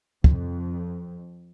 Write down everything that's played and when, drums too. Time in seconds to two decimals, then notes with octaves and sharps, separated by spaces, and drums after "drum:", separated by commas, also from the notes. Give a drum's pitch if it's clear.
0.24 F2, drum: kick